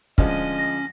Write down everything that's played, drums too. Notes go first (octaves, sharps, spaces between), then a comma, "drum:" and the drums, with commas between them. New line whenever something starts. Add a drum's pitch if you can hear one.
D2 F3 G#3 C#4 D#5, drum: kick
A#6